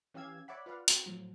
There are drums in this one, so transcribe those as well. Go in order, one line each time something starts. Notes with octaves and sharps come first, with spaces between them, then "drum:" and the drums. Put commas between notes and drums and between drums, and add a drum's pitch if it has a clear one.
E3 C#4 G4 F5 E6 G#6
C#5 D5 E5 F#5 B5
F4 B4 D5 F5 F#5
C4 F#4, drum: hi-hat
A2 F3 F#3